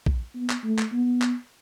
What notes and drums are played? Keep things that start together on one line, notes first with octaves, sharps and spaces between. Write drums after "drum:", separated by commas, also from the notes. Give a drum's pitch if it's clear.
drum: kick
B3
drum: clap
A3
drum: clap
B3
drum: clap